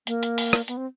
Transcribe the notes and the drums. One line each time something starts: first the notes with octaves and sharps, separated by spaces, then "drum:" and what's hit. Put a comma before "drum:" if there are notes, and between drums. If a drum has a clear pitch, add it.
A#3, drum: hi-hat
drum: hi-hat
drum: open hi-hat
drum: rim click
B3, drum: hi-hat
C4